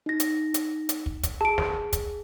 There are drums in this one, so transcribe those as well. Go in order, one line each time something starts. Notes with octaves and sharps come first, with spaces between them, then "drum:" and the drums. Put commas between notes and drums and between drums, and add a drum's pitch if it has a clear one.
D#4 A#6
drum: hi-hat
drum: hi-hat
drum: hi-hat
drum: kick
drum: kick, hi-hat
G#4 A5 D7
drum: snare
drum: kick, hi-hat